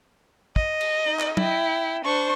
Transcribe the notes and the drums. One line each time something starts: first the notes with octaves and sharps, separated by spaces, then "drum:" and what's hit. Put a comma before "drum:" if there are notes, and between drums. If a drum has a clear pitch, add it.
D#5, drum: kick
drum: cymbal
D#4
drum: clap
E4 G5, drum: tom F#3
D4 C5 C#6